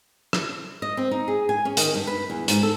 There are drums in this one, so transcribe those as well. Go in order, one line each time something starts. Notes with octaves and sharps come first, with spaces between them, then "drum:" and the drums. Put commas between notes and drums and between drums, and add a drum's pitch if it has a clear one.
drum: rim click
D#5
C4
D#4
G#4
G#5
C#4
D#3, drum: hi-hat
G2
B4
E2
G#2, drum: hi-hat
A4